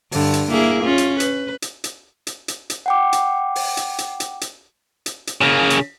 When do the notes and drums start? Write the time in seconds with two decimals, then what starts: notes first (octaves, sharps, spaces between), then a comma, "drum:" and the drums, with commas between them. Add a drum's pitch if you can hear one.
0.12 G2 D3, drum: open hi-hat
0.33 drum: hi-hat
0.51 A#3 E4 G#4
0.83 C#4 F4
0.98 drum: hi-hat
1.20 B4, drum: hi-hat
1.62 drum: hi-hat
1.84 drum: hi-hat
2.27 drum: hi-hat
2.48 drum: hi-hat
2.70 drum: hi-hat
2.86 F#5 G5 D6
3.13 drum: hi-hat
3.56 drum: open hi-hat
3.77 drum: hi-hat
3.98 drum: hi-hat
4.20 drum: hi-hat
4.41 drum: hi-hat
5.06 drum: hi-hat
5.27 drum: hi-hat
5.41 C#3 A#3
5.70 drum: hi-hat